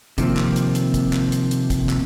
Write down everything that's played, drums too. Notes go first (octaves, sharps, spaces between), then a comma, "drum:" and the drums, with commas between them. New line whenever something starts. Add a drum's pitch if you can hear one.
C3 D#3 F3 A#3 C4, drum: kick, hi-hat
drum: clap
drum: hi-hat
drum: hi-hat
drum: kick, hi-hat
drum: clap
drum: hi-hat
drum: hi-hat
drum: kick, hi-hat
drum: clap